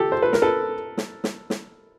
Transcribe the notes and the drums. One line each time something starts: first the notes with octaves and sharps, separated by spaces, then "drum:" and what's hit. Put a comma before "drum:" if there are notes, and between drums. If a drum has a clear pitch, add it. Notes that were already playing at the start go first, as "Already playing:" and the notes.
Already playing: G4 A4
C5
B4
A#4, drum: snare
A4 B4
drum: snare
drum: snare
drum: snare